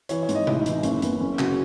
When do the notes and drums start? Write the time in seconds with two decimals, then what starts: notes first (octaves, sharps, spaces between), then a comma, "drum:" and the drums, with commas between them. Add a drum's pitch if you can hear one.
0.09 E3 C#5, drum: hi-hat
0.23 C#5
0.29 G#2, drum: hi-hat
0.35 D#5
0.47 A1 E4, drum: tom C3
0.59 D#4
0.66 E3, drum: hi-hat
0.72 D#4
0.83 F#1 C#4, drum: hi-hat
1.02 F#1 B3, drum: hi-hat
1.20 F#1 C#4
1.39 C#3 F#4, drum: clap